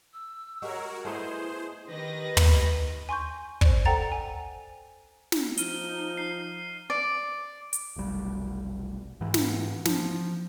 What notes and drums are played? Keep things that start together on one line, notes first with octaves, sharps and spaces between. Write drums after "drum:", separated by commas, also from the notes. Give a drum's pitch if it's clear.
E6
G#3 F#4 G4 A#4 C#5 E5
A3 B3 E4 G#4 C5 D#5
D#3 G4 B4 D#5 A#6
drum: tom
G#5 C6 C#6 G6
C5 D5, drum: kick
A4 C5 F#5 G5 A#5 A6
G#5
drum: snare
F3 D#4 F6 D#7 G7, drum: hi-hat
C7 G7
D5
drum: hi-hat
F1 B1 G3
G#2 E3
drum: snare
F3, drum: snare